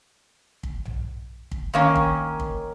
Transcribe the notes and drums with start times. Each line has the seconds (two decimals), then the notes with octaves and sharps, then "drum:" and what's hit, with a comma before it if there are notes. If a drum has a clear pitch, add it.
0.63 drum: kick
0.85 drum: tom A#1
1.51 drum: kick
1.74 D#3 A#3 C#4
1.96 drum: kick
2.40 drum: kick